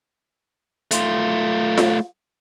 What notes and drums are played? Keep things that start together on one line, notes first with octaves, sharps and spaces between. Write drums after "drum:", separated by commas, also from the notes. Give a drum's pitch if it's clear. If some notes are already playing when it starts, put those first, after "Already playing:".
A3 F4, drum: hi-hat
drum: snare F4